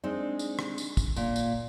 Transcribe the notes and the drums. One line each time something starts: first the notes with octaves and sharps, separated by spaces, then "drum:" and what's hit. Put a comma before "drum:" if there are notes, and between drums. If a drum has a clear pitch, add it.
G#3 C4 D4 D#4
drum: tambourine
drum: rim click
drum: tambourine
drum: kick, tambourine
A#2, drum: tambourine
drum: tambourine